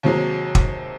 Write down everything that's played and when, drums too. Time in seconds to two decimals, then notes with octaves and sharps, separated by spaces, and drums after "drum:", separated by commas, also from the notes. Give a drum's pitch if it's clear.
0.03 D#2 C3 F#3 G#3
0.55 drum: kick